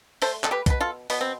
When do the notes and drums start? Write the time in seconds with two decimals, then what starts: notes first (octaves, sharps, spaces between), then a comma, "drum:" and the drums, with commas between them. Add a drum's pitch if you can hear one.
0.22 A3 A4 C5, drum: open hi-hat
0.44 A4, drum: clap
0.51 G4 B4
0.66 B2 B4, drum: kick, hi-hat
0.81 F4 A4
1.10 B2 B3, drum: open hi-hat
1.21 C4